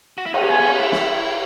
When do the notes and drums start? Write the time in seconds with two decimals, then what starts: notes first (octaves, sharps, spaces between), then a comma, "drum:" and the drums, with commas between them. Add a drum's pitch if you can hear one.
0.18 F#4
0.26 E4
0.34 D#4, drum: cymbal
0.41 C#4
0.50 B3 G#5
0.60 B3
0.69 C#4
0.79 E4
0.92 drum: snare